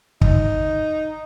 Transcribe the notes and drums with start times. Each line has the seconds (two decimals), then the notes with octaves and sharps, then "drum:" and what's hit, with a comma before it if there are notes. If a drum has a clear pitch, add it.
0.21 D#4, drum: kick